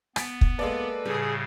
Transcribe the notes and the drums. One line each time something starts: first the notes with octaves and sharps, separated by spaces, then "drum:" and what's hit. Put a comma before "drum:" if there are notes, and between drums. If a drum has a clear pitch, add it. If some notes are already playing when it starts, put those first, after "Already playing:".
B3 A6 B6 D7, drum: rim click
drum: kick
G#3 A#3 A4 B4 D5
A2 C#3 G3 G#4